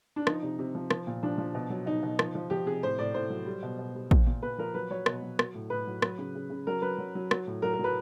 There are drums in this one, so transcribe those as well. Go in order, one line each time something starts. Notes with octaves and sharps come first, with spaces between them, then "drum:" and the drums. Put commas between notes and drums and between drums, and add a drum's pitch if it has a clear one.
D4
F3 D#4, drum: rim click
C3 D#4
C3
F3
F3, drum: rim click
A#2
F3 D4
F3
B2
F#3
B2 D#4
B2
F3, drum: rim click
F3
F3 G4
C3 G#4
A2 C5
A2 D5
A2 C5
F#3
G3
B2
B2
G3
A#2, drum: kick
A#2
A#2 B4
F3 A#4
F#3 B4
F#3 C#5
B2, drum: rim click
F#3
F#3, drum: rim click
A2
A2 B4
F#3
F#3, drum: rim click
C#3
C#3
C#3
F#3 A#4
F#3 B4
F#3
F#3
F#3, drum: rim click
A2
F#3 A#4
A#4
F#3 B4